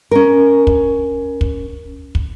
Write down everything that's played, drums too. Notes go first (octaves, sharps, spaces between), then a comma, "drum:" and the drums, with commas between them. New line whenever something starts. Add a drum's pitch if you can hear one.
C#4 A#4
drum: kick
drum: kick
drum: kick